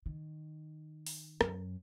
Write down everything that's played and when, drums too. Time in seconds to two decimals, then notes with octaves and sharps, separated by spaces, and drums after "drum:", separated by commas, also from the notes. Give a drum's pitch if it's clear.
0.06 D#3
1.06 drum: open hi-hat
1.41 F#2, drum: rim click